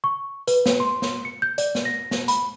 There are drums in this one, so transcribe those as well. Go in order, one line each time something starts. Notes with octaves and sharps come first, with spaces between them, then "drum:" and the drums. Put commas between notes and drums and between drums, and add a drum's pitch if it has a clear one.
C#6
B4, drum: hi-hat
drum: snare
C6
drum: snare
C#7
G6
D5, drum: hi-hat
drum: snare
A#6
drum: snare
B5, drum: hi-hat